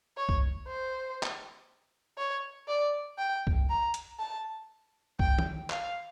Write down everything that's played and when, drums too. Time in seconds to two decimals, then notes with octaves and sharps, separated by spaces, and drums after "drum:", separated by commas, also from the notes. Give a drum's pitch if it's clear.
0.17 C#5
0.29 drum: kick C2
0.68 C5
1.23 drum: clap
2.18 C#5
2.68 D5
3.18 G5
3.47 drum: kick C2
3.69 A#5
3.94 drum: hi-hat
4.19 A5
5.19 G5, drum: kick C2
5.39 drum: tom D#3
5.70 F5, drum: clap